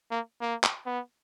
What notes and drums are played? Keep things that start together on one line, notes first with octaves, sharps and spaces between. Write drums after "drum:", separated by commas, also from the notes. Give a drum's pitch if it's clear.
A#3
A#3
drum: clap
B3